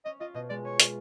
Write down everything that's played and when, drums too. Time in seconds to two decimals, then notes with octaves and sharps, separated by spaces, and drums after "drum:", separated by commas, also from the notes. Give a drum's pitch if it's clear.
0.05 C#4 D#5
0.20 F4 D#5
0.34 B2 D#5
0.50 G#3 D5
0.65 C#4 C#5
0.80 F4, drum: hi-hat